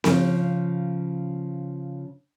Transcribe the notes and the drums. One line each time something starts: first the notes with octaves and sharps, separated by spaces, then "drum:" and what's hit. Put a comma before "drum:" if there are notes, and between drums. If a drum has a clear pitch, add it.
C#3 F3, drum: snare C4